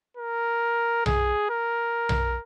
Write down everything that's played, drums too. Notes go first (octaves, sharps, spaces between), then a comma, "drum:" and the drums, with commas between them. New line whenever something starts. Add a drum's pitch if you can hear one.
A#4
G#4, drum: tom B1
A#4
drum: tom B1